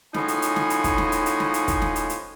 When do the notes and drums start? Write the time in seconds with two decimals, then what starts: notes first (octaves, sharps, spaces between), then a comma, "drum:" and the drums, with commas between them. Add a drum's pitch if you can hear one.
0.14 A2 C#3 F3 D#4 F#4 G#5, drum: snare
0.28 drum: hi-hat
0.42 drum: hi-hat
0.56 drum: snare
0.70 drum: hi-hat
0.84 drum: kick, hi-hat
0.98 drum: snare
1.12 drum: hi-hat
1.26 drum: hi-hat
1.40 drum: snare
1.54 drum: hi-hat
1.68 drum: kick, hi-hat
1.82 drum: snare
1.96 drum: hi-hat
2.10 drum: hi-hat